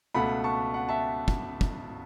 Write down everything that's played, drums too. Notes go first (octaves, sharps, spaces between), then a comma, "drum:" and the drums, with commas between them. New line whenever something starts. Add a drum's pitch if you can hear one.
C#2 B2 A3 F#5 B5
A5 C#6
F#5
E5 A5
drum: kick
drum: kick